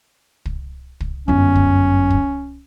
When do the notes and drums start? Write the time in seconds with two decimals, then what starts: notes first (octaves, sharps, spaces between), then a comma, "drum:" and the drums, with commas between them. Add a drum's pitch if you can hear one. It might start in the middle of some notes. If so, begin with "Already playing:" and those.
0.45 drum: kick
1.00 drum: kick
1.28 G1 F#2 C#4
1.55 drum: kick
2.10 drum: kick